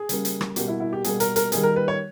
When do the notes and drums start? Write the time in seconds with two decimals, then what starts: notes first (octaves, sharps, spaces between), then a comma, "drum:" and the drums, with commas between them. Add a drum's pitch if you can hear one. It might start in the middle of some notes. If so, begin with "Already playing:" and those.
Already playing: G#4
0.09 C#3 G3 A#3, drum: hi-hat
0.25 drum: hi-hat
0.41 drum: rim click
0.56 B2 G3 A#3 G4, drum: hi-hat
0.68 E4
0.80 E4
0.93 G4
1.04 B2 G3 A#3 G#4, drum: hi-hat
1.20 A#4, drum: hi-hat
1.36 A#4, drum: hi-hat
1.52 D#3 G3 A#3 G#4, drum: hi-hat
1.63 A#4
1.76 B4
1.88 C#5